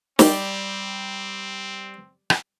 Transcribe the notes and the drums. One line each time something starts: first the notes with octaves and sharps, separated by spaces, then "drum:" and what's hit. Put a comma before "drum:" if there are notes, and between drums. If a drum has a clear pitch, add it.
G3 C4 G4 D5, drum: snare
drum: rim click